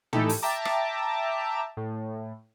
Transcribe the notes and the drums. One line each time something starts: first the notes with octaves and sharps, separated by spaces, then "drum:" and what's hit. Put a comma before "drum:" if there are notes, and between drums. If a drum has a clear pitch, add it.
E3 A3 D#4 E4 G4 A4, drum: tom
drum: open hi-hat
E5 G5 A5 A#5 D6
drum: rim click
A2